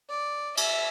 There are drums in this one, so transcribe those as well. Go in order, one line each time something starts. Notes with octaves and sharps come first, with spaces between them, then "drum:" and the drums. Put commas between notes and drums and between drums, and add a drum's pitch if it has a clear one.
D5
E5, drum: cymbal